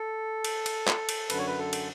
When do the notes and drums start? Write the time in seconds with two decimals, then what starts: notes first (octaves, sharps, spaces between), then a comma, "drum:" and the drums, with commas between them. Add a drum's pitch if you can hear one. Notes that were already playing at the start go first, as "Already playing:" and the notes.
Already playing: A4
0.45 drum: cymbal
0.66 drum: cymbal
0.87 drum: clap
1.09 drum: cymbal
1.30 F#2 D3 B4, drum: cymbal
1.38 C#5
1.47 B4
1.58 A4
1.73 drum: cymbal